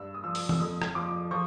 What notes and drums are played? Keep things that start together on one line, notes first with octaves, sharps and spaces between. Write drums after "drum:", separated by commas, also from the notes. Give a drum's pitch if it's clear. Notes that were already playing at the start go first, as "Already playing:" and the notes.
Already playing: G2 E6
D#6
F3 E6
drum: open hi-hat
E6, drum: tom
F2 D#6
drum: rim click
F3 D6
F3 C#6